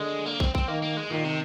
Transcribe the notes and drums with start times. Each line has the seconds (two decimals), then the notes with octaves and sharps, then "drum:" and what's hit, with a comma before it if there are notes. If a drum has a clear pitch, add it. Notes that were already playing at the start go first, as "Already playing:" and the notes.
Already playing: D3 G#3
0.26 A#3
0.40 C4, drum: kick
0.55 C4, drum: kick
0.68 D#3 A#3
0.82 A#3
0.97 G#3
1.11 A#2 D#3
1.25 C3